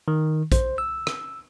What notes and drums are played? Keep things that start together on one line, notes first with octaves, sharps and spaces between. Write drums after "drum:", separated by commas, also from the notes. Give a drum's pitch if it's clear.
D#3
C5, drum: kick, hi-hat
E6
drum: rim click